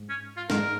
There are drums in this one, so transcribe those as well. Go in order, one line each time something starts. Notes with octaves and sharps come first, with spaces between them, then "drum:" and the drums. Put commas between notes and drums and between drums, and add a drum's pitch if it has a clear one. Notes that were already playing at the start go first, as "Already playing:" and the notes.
Already playing: G#2
C#4
F4
G#2 A#4, drum: snare